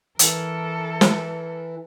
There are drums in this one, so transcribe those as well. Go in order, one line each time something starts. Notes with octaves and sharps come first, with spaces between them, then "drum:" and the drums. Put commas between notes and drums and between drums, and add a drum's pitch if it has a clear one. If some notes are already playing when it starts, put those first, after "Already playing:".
E3 A4 A#4, drum: hi-hat
drum: snare